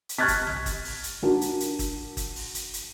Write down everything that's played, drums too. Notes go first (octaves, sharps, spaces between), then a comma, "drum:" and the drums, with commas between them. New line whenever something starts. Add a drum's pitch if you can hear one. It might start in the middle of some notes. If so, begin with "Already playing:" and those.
drum: hi-hat
C#6 F6 F#6 G#6 A6 B6
drum: kick, hi-hat
drum: tom B1
drum: kick, hi-hat
drum: open hi-hat
drum: hi-hat
D4 F#4 A#4
drum: hi-hat
drum: hi-hat
drum: kick, hi-hat
drum: kick, hi-hat
drum: open hi-hat
drum: hi-hat
drum: hi-hat